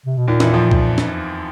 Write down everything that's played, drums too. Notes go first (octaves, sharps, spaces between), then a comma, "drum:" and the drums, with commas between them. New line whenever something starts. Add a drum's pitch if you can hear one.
C3
B2
D#2 A#2 D#3
E2 E3, drum: snare
F2 F3
drum: kick
drum: snare